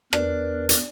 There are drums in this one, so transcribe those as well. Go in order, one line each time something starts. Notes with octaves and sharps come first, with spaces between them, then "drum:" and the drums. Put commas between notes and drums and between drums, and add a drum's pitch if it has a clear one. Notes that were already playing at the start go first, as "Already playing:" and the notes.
E2 D4 A#4 B4, drum: rim click
drum: hi-hat